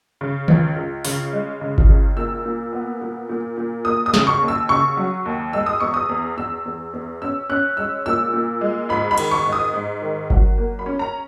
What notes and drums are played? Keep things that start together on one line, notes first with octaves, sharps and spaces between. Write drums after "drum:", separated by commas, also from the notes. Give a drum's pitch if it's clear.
C#3
C#2, drum: tom D#3
C#2
C#3, drum: open hi-hat
G#3
C#3
drum: kick G1
C#2
A#2 E6
A#2
B3
A#2
A#2
A#2
A#3 D#6
D#6
C#3, drum: snare
C#6
D#2
E6
C#3 C#6
F#3
D#2
G#3 E6
D#6
E2 C#6
D#6
E2
E2 E6
E2
E2
C#4 E6
C#4 F#6
G#3 E6
A#2 E6
A#2
G#3
G#2 B5
B5
D#3, drum: cymbal
C#6
G#2
D#6
G#2
D#3
F#3, drum: kick G1
A#3
B5
C#4
A#5